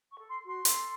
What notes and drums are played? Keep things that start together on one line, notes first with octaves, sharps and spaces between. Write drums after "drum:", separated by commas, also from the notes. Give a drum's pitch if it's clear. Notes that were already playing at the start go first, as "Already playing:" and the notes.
C#6
A4
C6
F#4
C6
A4, drum: hi-hat